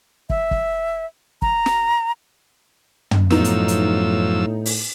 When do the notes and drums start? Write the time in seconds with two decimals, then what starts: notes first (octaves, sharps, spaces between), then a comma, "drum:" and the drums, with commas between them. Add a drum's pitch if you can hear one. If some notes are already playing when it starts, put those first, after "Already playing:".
0.30 E5, drum: kick
0.51 drum: kick
1.42 A#5, drum: kick
1.66 drum: snare
3.11 drum: tom
3.30 F#2 A2 F3 B3 D#4 E6, drum: snare
3.44 drum: hi-hat
3.68 drum: hi-hat
4.66 drum: open hi-hat